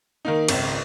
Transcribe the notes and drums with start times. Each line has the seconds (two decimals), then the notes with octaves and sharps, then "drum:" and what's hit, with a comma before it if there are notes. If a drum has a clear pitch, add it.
0.25 D#3 A#3 D#4
0.48 G#1 C#2, drum: cymbal